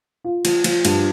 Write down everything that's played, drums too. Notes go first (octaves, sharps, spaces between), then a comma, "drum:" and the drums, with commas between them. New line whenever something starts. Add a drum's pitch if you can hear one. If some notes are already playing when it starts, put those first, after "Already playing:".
F4
F3, drum: cymbal
F3, drum: cymbal
G2, drum: cymbal